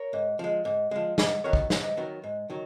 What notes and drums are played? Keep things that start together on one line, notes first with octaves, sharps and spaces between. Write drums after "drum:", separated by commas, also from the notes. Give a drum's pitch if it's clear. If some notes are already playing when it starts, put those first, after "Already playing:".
Already playing: A#4 C#5
G#2
F3 G#3
G#2
F3 G#3
G#2 G#4 B4, drum: snare
D#3 F#3 B3 A#4 C#5
drum: kick
G#2 B4 D#5, drum: snare
D#3 F#3 B3
G#2
D#3 F#3